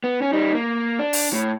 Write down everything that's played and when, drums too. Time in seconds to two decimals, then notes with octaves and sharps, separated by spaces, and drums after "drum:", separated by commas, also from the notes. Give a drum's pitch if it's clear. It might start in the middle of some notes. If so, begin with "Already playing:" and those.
0.04 B3
0.22 C#4
0.33 G3 D#4
0.55 A#3
0.99 D4
1.13 drum: open hi-hat
1.33 A2